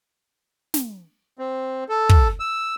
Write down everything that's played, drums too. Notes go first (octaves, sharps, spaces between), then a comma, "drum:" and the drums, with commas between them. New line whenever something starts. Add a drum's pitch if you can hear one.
drum: snare
C4
A4
drum: kick
E6